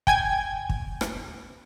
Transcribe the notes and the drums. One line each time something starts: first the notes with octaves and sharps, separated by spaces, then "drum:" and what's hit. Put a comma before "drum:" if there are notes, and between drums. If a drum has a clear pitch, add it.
G5 G#5 G#6, drum: kick
drum: kick
drum: rim click